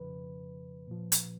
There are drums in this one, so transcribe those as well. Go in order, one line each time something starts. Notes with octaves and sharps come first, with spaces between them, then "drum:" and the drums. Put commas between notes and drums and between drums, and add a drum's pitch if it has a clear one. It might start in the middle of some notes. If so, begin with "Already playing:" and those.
Already playing: F2 C#3 F3 B4
A#2 F3
drum: hi-hat